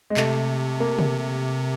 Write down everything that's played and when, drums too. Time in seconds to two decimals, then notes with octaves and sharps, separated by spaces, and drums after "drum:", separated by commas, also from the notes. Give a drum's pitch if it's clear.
0.10 G#3
0.17 C3 A3, drum: clap
0.80 A#3
0.99 drum: tom C3